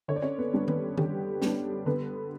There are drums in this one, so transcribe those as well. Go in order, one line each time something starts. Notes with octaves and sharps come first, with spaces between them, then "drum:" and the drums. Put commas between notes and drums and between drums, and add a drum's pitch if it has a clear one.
D3 C#5
D5
C#4 C#5
B3 B4
G3 B3 D4
B3 B4, drum: tom D#3
D3 G4, drum: tom D#3
G3 B3 D4, drum: snare
D3 B3 B4